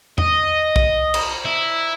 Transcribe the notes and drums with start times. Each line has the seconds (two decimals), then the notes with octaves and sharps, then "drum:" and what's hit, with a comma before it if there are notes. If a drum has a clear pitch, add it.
0.18 D#5, drum: tom E2
0.76 drum: kick
1.14 drum: cymbal
1.45 E4